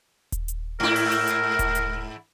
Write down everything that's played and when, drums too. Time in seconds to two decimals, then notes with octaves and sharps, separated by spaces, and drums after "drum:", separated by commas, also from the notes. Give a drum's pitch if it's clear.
0.32 drum: kick D#1, hi-hat
0.48 drum: hi-hat
0.80 G#2 E4 A#4
0.96 drum: open hi-hat
1.12 drum: hi-hat
1.27 drum: hi-hat
1.59 drum: kick D#1, hi-hat
1.75 drum: hi-hat